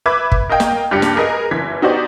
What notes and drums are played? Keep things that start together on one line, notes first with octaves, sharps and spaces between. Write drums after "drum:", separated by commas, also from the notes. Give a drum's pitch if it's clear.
B4 E5 B5 D6 G#6
drum: kick
A#4 D#5 F5 G5
drum: snare
C#2 G2 D4 G4 C#7
drum: snare
G#4 A#4 B4 D#5
F#1 E3 G#6 B6
B3 D#4 F#4 G4 C5 D5